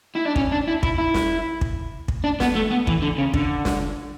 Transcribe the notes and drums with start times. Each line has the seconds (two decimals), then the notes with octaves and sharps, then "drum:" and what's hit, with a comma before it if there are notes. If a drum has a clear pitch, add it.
0.16 E4
0.26 D4
0.36 C#4, drum: kick
0.52 D4
0.68 E4
0.83 E4, drum: kick
0.99 E4
1.14 drum: snare
1.61 drum: kick
2.08 drum: kick
2.24 D4
2.40 B3, drum: snare
2.55 A3
2.71 B3
2.87 E3, drum: kick
3.02 D3
3.18 C#3
3.34 D3, drum: kick
3.65 drum: snare